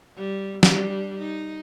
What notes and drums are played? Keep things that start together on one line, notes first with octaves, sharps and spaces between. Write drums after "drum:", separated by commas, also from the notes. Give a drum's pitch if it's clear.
G3
G3 D4, drum: snare
D#4